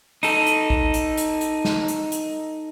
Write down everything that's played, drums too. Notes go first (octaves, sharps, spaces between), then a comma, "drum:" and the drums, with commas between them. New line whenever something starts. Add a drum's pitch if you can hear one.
D#4 A4, drum: open hi-hat
drum: hi-hat
drum: kick A1
drum: hi-hat
drum: hi-hat
drum: hi-hat
drum: snare
drum: hi-hat
drum: hi-hat